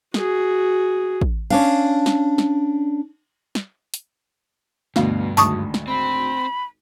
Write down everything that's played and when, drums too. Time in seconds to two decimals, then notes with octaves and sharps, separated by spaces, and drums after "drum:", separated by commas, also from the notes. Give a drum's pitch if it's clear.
0.14 F#4 G#4, drum: snare
1.21 drum: kick
1.50 C#4 D4 F5, drum: cymbal
2.06 drum: snare
2.38 drum: snare
3.55 drum: snare
3.94 drum: hi-hat
4.96 D2 G2 B2 F5, drum: snare
5.37 G#1 D2 A5 C#6 D#6, drum: tambourine
5.74 drum: snare
5.88 C4 B5